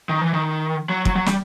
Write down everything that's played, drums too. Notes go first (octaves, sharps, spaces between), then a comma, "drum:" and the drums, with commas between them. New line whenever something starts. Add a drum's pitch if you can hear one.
D#3
E3
D#3
F#3
F#3, drum: kick
F#3
G3, drum: snare